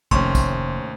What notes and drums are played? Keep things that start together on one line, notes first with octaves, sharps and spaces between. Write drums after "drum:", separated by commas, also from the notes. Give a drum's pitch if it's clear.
F1 D#2 A2 C3 C#4 C6 C#6, drum: kick
drum: kick, tambourine